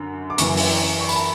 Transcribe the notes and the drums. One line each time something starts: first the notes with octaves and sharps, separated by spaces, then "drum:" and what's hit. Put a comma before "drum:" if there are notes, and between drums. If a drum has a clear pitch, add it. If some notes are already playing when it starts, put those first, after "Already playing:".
Already playing: F#2 D3
D6
F#2 E3 C#6, drum: hi-hat
drum: open hi-hat
C#6
B5, drum: tambourine
A5